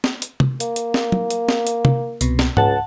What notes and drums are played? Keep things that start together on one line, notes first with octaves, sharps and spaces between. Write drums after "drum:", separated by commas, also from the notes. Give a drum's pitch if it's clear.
drum: snare
drum: hi-hat
drum: tom C3
A#3, drum: hi-hat
drum: hi-hat
drum: snare
drum: tom
drum: hi-hat
drum: snare
drum: hi-hat
drum: tom C3
C2 B2, drum: hi-hat
drum: snare
C#2 F#5 A5, drum: tom G#2